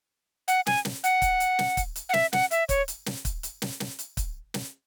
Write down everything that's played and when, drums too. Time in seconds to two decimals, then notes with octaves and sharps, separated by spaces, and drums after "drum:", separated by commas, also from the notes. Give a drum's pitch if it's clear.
0.48 F#5, drum: hi-hat
0.66 G#5, drum: snare
0.85 drum: snare
1.04 F#5, drum: hi-hat
1.22 drum: kick, hi-hat
1.40 drum: hi-hat
1.59 drum: snare
1.77 drum: kick, hi-hat
1.96 drum: hi-hat
2.09 F#5
2.13 E5, drum: snare
2.33 F#5, drum: snare
2.51 E5, drum: hi-hat
2.69 C#5, drum: kick, hi-hat
2.88 drum: hi-hat
3.06 drum: snare
3.25 drum: kick, hi-hat
3.43 drum: hi-hat
3.62 drum: snare
3.80 drum: snare
3.99 drum: hi-hat
4.17 drum: kick, hi-hat
4.54 drum: snare